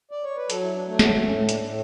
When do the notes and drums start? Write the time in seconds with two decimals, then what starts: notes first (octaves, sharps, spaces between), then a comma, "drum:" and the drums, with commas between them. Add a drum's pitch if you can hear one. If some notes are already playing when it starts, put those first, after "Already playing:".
0.11 D5
0.24 C#5
0.37 B4
0.50 F#3 A4, drum: hi-hat
0.62 E4
0.75 D4
0.87 A3
0.99 B3, drum: snare
1.24 A2 C#4
1.49 D4, drum: hi-hat
1.60 A2